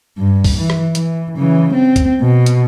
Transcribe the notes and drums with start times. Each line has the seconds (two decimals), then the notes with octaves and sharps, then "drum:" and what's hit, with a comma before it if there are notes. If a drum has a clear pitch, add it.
0.18 G2
0.44 drum: kick C2, open hi-hat
0.58 E3
0.70 drum: rim click
0.95 E3, drum: hi-hat
1.37 C#3 E3
1.74 C4
1.96 drum: kick C2, hi-hat
2.21 B2
2.46 drum: hi-hat